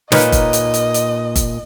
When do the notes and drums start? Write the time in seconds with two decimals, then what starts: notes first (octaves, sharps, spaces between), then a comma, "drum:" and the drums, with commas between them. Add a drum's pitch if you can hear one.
0.12 A#2 A#3 D#4 B4 C#5 D#5, drum: snare
0.32 drum: kick, hi-hat
0.53 drum: hi-hat
0.74 drum: hi-hat
0.94 drum: hi-hat
1.36 drum: kick, hi-hat